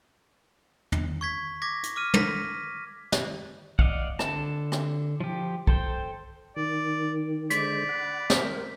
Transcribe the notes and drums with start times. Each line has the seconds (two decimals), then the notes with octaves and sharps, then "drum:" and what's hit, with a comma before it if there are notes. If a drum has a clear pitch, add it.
0.92 drum: tom
1.21 C#6 G#6 B6
1.62 D6 G#6 A#6 B6
1.83 drum: hi-hat
1.96 D6 F6 D#7
2.14 A#6 B6, drum: tom
3.12 drum: snare
3.79 D5 D#5 F5 F#5, drum: kick
4.19 D3 A5, drum: rim click
4.72 drum: rim click
5.20 F3 G4
5.67 A4 C5 G5, drum: kick
6.56 D#3 D5
7.50 D3 G#3 C5 D5 B6, drum: hi-hat
7.89 F#5 B5
8.30 A#4 C5, drum: snare